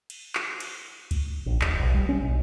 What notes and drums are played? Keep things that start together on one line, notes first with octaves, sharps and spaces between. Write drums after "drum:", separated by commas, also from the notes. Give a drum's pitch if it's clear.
drum: cymbal
drum: clap
drum: cymbal
drum: kick C#2, cymbal
A#1
D#1, drum: clap
B1
G3
C#4
B1